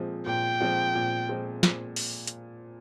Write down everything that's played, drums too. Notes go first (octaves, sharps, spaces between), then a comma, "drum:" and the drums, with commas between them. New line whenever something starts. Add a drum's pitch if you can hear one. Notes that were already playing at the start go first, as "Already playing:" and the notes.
Already playing: A#2 F3 G#3 C4
A#2 G5
F3 G#3 C4
A#2
F3 G#3 C4
A#2, drum: snare
drum: open hi-hat
drum: hi-hat